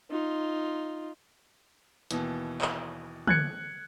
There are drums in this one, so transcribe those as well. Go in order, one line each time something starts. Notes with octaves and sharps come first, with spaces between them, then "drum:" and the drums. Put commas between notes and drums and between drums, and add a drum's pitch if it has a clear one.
D#4 F4
D#2 B2 E3, drum: hi-hat
drum: clap
F#6 G#6 C#7, drum: tom